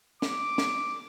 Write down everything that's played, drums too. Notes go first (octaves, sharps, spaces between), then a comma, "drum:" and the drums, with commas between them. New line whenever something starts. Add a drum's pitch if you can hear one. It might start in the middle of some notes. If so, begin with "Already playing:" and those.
D6, drum: snare
drum: snare